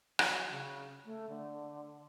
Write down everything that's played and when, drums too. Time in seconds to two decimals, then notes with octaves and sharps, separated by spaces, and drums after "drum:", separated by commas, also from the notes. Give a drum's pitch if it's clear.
0.19 F#3, drum: rim click
0.50 C#3
1.05 A3
1.29 D3